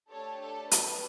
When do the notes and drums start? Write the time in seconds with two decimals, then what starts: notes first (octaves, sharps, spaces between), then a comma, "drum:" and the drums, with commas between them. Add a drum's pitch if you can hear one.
0.10 A3 D4 G4 A4 C#5
0.41 A4
0.71 B4, drum: hi-hat